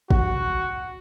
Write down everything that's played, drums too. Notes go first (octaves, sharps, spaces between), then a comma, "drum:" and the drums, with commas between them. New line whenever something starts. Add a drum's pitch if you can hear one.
F#4, drum: kick